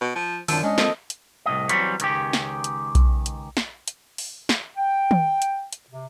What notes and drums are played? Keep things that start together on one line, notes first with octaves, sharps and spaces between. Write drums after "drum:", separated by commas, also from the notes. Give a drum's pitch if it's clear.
B2
F3
F#2 D#3 F3 D4 E6, drum: open hi-hat
G#3 C#4 D4 D#5
F3 A#3 C4 A4, drum: snare
drum: hi-hat
C2 F#2 A2 D#5
E3 F#3 G3 C4 B4 C#5, drum: hi-hat
C#2 D#3 C#4 G4, drum: hi-hat
drum: snare
drum: hi-hat
drum: kick B1, hi-hat
drum: hi-hat
drum: snare
drum: hi-hat
drum: open hi-hat
drum: snare
G5
drum: tom D#3
drum: hi-hat
drum: hi-hat
C3